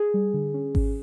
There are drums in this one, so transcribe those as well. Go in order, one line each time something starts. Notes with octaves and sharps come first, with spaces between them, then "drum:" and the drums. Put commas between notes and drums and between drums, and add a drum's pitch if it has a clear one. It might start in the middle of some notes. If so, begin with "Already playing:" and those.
Already playing: G#4
G3
D3
C#4
C#4, drum: kick G#1